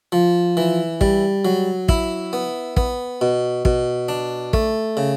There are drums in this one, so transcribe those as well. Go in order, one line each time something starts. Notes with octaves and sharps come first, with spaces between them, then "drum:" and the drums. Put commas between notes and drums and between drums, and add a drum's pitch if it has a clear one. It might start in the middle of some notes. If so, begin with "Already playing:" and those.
F3
E3
G3, drum: kick
F#3
E4, drum: kick
B3
B3, drum: kick
B2
B2, drum: kick
D4
A3, drum: kick
C#3